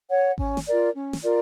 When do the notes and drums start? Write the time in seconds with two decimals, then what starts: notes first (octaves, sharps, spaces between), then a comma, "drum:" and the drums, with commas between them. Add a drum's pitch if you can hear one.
0.10 C#5 F#5
0.38 C#4, drum: kick G#1
0.57 drum: snare
0.67 F4 A#4 D5
0.94 C#4
1.13 drum: snare
1.23 F4 A#4 D5